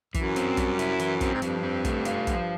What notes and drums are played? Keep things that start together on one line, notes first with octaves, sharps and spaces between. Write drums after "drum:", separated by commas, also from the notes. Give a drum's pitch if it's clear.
F#2 E3, drum: kick, hi-hat
C4, drum: hi-hat
G3, drum: kick, hi-hat
E4, drum: hi-hat
E3, drum: hi-hat
C4, drum: kick, hi-hat
G#2
G2 F3, drum: hi-hat
C4
A3, drum: kick, hi-hat
F4, drum: hi-hat
F3, drum: kick, hi-hat